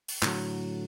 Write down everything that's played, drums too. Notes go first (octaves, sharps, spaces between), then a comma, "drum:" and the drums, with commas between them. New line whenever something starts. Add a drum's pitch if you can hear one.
drum: open hi-hat
A2 D3 F#3, drum: clap